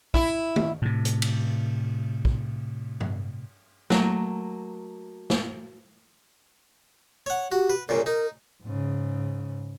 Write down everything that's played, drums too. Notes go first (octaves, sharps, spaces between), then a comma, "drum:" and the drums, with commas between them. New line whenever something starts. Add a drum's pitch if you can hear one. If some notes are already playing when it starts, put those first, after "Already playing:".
E4, drum: kick
drum: tom
A2 C3
drum: hi-hat
drum: cymbal
drum: kick
drum: tom G2
F#3 A3 A#3, drum: snare
drum: snare
C#5 F#5
F#4 G4
B4
G2 A#2 C#3 A#4
D#4 A#4
G#2 C#3